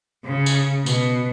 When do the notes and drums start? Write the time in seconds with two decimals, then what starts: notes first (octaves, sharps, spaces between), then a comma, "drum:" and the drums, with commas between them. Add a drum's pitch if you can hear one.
0.26 C#3
0.46 drum: tambourine
0.86 B2, drum: tambourine